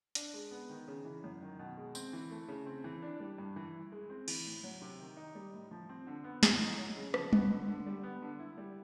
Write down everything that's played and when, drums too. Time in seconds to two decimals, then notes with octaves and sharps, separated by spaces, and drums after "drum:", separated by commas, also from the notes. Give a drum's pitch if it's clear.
0.15 D4, drum: hi-hat
0.34 G#3
0.51 B3
0.70 D#3
0.88 C#3
1.05 E3
1.24 F#2
1.42 D#3
1.59 B2
1.77 G#3
1.95 C4, drum: tambourine
2.13 E3
2.31 A3
2.48 C#3
2.66 C4
2.84 E3
3.02 D4
3.20 G3
3.38 G2
3.56 E3
3.74 E4
3.92 G#3
4.10 C4
4.28 E3, drum: cymbal
4.46 A2
4.64 F#3
4.82 C3
5.00 D#3
5.17 D#4
5.35 G3
5.53 A2
5.71 F3
5.89 C4
6.07 D3
6.24 B3
6.43 E3, drum: snare
6.61 D#4
6.78 F#3
6.97 C#3
7.14 F3, drum: rim click
7.33 B3, drum: tom G3
7.50 D3
7.68 D3
7.86 G3
8.03 B3
8.22 D3
8.39 E4
8.58 G3